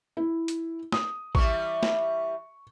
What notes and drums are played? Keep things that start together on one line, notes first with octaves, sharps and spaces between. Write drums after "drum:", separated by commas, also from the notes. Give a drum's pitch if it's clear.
E4
drum: hi-hat
D#6, drum: snare
E3 G3 C#6, drum: kick A1
drum: snare